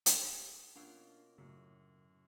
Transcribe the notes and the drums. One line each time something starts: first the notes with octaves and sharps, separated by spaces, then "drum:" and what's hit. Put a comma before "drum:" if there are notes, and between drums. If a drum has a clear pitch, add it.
G4 G#4, drum: hi-hat
B2 A#3 C#4 D4 F4 E6
F#2 A2 C#3